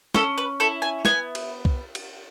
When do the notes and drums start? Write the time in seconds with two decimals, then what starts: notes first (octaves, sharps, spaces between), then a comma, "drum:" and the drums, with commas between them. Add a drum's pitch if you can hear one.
0.14 C#4 A4, drum: snare
0.38 B4
0.60 E4 A4
0.82 G#5
1.05 B3 G#5, drum: snare
1.35 drum: cymbal
1.65 drum: kick C2
1.95 drum: cymbal